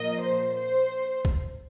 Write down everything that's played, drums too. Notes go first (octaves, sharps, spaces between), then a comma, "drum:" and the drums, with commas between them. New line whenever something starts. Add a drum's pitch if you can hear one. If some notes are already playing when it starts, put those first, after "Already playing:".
Already playing: A#2 F3 A#3 D#5
C5
C5
drum: kick